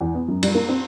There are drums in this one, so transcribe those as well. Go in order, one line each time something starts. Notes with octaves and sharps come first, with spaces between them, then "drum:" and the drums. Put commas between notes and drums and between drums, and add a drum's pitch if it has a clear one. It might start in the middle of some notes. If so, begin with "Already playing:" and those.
E2
B3
F#2
G3, drum: cymbal
A#3
C4